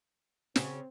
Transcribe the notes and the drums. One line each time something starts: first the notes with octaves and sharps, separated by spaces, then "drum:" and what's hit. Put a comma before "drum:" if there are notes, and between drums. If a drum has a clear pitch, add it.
C#3 C4 C#4, drum: snare